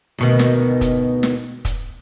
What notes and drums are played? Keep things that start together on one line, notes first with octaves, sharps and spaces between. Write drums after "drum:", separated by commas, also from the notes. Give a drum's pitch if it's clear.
D2 B2 D#3
drum: snare
drum: kick, hi-hat
drum: snare
drum: kick, hi-hat